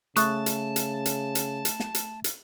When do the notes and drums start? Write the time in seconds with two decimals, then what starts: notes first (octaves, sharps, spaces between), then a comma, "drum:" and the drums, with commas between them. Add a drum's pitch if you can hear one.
0.16 C#3 A3 E5 A5 C#6 D#6 F#6 A6, drum: hi-hat
0.46 drum: hi-hat
0.76 drum: hi-hat
1.06 drum: hi-hat
1.35 drum: hi-hat
1.65 drum: hi-hat
1.80 drum: snare
1.95 drum: hi-hat
2.24 drum: hi-hat